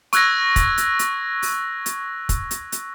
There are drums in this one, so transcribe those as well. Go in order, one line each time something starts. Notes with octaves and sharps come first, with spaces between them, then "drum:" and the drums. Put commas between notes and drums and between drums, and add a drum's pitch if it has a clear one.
C#6 E6 F#6 G#6 A#6, drum: hi-hat
drum: kick, hi-hat
drum: hi-hat
drum: hi-hat
drum: open hi-hat
drum: hi-hat
drum: kick, hi-hat
drum: hi-hat
drum: hi-hat